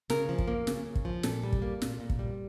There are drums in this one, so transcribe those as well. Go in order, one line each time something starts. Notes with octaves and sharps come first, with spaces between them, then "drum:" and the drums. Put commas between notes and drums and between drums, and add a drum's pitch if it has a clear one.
C#3 A#4, drum: snare
F3
drum: kick
A#3
C#3, drum: snare
C#3
drum: kick
F3
A#2 A4, drum: snare
G3
drum: kick
A#3
A#2, drum: snare
A#2
drum: kick
G3